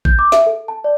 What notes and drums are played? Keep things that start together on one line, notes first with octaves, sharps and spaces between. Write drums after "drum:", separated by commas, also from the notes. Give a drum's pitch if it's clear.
G6, drum: kick A1
D6
E5, drum: snare
A4
A5
D5